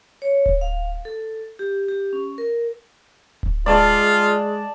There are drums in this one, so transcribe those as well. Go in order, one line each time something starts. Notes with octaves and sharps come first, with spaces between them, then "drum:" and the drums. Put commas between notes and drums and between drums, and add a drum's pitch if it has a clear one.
C#5
drum: kick D1
F5
A4
G4
G4
C#4
A#4
drum: kick D1
G#3 F4 D5 A5